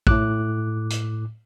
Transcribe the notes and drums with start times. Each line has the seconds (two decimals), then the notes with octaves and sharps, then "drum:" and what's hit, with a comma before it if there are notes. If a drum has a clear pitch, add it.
0.07 A2 D6 F#6, drum: kick
0.90 drum: hi-hat